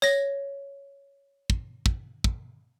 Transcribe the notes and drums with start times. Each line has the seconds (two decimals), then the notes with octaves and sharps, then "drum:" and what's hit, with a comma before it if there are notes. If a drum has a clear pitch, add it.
0.02 C#5 A#6, drum: tambourine
1.50 drum: kick
1.86 drum: kick
2.24 drum: kick